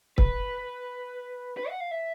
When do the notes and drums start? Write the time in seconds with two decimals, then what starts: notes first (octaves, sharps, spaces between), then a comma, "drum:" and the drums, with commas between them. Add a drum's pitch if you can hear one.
0.18 B4, drum: kick
1.57 B4
1.69 F#5
1.80 F5
1.91 E5